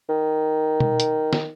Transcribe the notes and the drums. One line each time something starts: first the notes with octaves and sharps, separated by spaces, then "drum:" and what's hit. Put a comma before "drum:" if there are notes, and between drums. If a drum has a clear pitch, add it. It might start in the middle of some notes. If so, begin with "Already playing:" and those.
D#3
drum: tom B2
drum: hi-hat
drum: snare